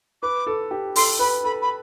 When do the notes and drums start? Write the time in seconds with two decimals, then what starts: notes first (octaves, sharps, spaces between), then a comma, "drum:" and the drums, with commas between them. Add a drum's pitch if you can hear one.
0.22 B4 D6
0.47 A4
0.71 G4
0.96 A4 C6, drum: open hi-hat
1.19 B4 B5
1.44 A4 B5
1.61 B5